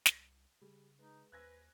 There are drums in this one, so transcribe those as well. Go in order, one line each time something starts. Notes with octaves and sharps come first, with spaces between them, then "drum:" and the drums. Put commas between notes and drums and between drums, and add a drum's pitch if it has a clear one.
C2, drum: snare
C#3 G3 G#4
G#3 D#4 B4
D#2 B4 C5 G#5 E6 F#6 G#6 A#6